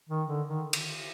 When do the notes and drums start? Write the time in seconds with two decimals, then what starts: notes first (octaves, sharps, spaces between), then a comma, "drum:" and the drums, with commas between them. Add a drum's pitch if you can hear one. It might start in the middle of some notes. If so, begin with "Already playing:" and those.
0.09 D#3
0.28 D3
0.48 D#3
0.73 drum: cymbal